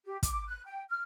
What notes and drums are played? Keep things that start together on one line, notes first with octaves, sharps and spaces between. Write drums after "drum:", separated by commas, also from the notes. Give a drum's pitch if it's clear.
G4
D6, drum: kick, hi-hat
F#6
G5
F6